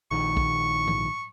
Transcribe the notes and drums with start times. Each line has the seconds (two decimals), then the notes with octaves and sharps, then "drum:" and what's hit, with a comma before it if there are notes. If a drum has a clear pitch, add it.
0.11 A#1 D#3 C#6
0.37 drum: kick
0.87 drum: tom G#2